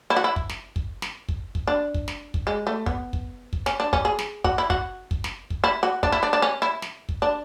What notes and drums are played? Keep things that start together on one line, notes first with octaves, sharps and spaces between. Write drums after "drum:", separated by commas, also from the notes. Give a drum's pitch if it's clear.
E4
F#4
E4
drum: kick
drum: snare
drum: kick
drum: snare
drum: kick
drum: kick
D4
drum: kick
drum: snare
drum: kick
G#3
A3
B3, drum: kick
drum: kick
drum: kick
C#4, drum: snare
D4
C#4, drum: kick
G#4
drum: snare
F#4, drum: kick
E4
F#4, drum: kick
drum: kick
drum: snare
drum: kick
E4
F#4
D4, drum: kick
E4
D4
D4
C#4
E4
drum: snare
drum: kick
D4